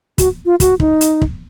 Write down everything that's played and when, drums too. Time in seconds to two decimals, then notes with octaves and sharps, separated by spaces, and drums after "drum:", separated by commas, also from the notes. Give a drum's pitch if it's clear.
0.18 F#4, drum: kick, hi-hat
0.46 F4
0.60 F#4, drum: kick, hi-hat
0.80 D#4, drum: kick
1.01 drum: hi-hat
1.22 drum: kick